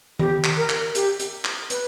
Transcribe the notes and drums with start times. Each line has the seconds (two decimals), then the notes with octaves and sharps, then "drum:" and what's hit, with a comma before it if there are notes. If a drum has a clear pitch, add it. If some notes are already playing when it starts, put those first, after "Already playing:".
0.19 G4, drum: tom D#3
0.44 drum: clap
0.57 A#4
0.69 drum: clap
0.95 G4, drum: hi-hat
1.19 drum: hi-hat
1.45 drum: clap
1.70 B4, drum: hi-hat